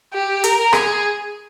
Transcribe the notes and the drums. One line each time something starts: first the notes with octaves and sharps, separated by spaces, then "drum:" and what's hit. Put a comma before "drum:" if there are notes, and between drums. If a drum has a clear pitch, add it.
G4
A#4, drum: hi-hat
G#4, drum: rim click